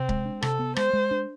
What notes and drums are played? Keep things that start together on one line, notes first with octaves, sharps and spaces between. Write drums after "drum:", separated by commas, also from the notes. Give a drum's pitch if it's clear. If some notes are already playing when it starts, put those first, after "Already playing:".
Already playing: C3 C4
G#3, drum: kick C#1
D4
C3 A4, drum: rim click
B3
G#3 C5, drum: rim click
G#3
D4